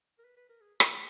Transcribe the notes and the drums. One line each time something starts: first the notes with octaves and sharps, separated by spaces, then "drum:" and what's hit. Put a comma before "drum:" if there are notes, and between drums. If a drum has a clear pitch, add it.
A#4
B4
B4
A#4
G#4
G4, drum: rim click